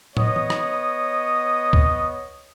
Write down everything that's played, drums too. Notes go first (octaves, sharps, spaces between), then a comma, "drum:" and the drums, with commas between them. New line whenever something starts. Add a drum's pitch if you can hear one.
B3 C#5 D#5 D#6, drum: tom
drum: tom E3
drum: rim click
drum: kick C#2